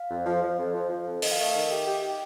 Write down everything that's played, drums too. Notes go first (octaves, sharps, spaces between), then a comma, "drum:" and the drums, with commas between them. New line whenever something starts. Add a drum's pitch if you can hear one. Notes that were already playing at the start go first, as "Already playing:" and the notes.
Already playing: F5
F2
F3
F3
F2
F3
F3
F2
D#3 D#5, drum: open hi-hat
F5
A3 D#5
D#3
G4
G4
G4